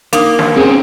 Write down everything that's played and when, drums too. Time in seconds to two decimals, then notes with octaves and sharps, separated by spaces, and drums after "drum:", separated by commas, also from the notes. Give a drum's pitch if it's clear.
0.13 A#3 D4 D#4, drum: hi-hat
0.39 drum: snare
0.56 C4 C#4 G#4